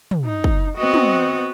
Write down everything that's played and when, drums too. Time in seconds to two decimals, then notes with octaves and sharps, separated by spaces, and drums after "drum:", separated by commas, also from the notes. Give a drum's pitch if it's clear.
0.11 drum: tom
0.25 D#4
0.44 drum: kick
0.77 B3 C4 F#4 D#5
0.94 drum: tom